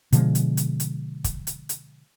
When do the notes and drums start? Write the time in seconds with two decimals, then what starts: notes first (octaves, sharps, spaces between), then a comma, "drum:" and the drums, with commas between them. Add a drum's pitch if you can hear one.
0.12 B2 D3 F3 G#3, drum: hi-hat
0.35 drum: hi-hat
0.57 drum: hi-hat
0.80 drum: hi-hat
1.24 drum: kick, hi-hat
1.47 drum: hi-hat
1.69 drum: hi-hat